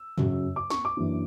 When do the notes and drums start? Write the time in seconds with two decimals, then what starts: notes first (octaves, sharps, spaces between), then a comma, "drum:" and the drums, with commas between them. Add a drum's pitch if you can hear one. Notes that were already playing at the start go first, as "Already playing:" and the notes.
Already playing: E6
0.18 F#2 C#3 F#3, drum: tom
0.56 D6
0.70 C#6, drum: snare
0.85 D6
0.97 F#2 E3 A#3 D4